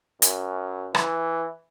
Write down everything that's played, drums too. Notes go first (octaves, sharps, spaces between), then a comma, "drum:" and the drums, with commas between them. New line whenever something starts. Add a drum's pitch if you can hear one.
F#2, drum: hi-hat
E3, drum: rim click